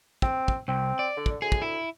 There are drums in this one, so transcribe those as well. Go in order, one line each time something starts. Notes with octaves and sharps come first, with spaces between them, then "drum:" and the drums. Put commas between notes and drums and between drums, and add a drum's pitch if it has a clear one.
C4, drum: kick
drum: kick
C2 C4
D5
D3
drum: kick
D2 G#4
drum: kick
E4